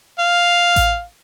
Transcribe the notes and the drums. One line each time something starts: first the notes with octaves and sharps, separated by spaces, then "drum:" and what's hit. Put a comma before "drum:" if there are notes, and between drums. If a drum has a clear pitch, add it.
F5
drum: kick A1, hi-hat